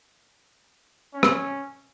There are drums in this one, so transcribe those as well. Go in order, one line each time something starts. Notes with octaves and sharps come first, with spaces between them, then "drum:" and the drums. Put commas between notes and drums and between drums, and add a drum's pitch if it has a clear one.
C#4
drum: rim click